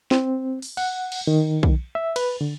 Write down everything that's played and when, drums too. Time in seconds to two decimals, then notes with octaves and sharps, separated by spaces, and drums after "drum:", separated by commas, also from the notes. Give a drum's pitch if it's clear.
0.11 C4, drum: snare
0.62 drum: open hi-hat
0.77 F#5, drum: cymbal
1.12 drum: cymbal
1.27 D#3
1.63 drum: kick
1.95 E5
2.16 B4, drum: cymbal
2.41 D3